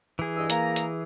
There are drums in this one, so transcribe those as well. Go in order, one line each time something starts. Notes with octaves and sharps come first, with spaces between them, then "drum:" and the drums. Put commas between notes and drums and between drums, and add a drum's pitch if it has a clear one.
E3 G#4
G2 D#5 E6
A#3 A#5, drum: hi-hat
drum: hi-hat